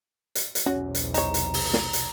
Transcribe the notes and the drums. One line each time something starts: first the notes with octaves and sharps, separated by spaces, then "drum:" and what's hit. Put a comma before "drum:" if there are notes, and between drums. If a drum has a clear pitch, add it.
drum: hi-hat
drum: hi-hat
B1 E2 C3 C#4 F#4
drum: hi-hat
D#4 C#5 A#5, drum: hi-hat
drum: hi-hat
drum: open hi-hat
drum: snare
drum: hi-hat